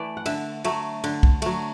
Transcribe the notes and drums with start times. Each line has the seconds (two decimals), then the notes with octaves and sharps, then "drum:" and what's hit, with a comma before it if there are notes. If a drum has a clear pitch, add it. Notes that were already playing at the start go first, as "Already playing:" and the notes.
Already playing: E3 A3 B4 D5
0.17 F#5
0.26 D3 E5, drum: cymbal
0.65 F#3 A3 E5, drum: cymbal
1.04 D3, drum: cymbal
1.23 drum: kick B1
1.42 F#3 A3, drum: cymbal